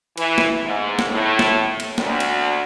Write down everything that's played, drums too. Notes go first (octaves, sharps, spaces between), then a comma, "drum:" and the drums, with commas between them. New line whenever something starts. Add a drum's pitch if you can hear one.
E3, drum: cymbal
drum: snare
G#2
drum: snare
A2
drum: snare
drum: cymbal
D2, drum: snare
drum: cymbal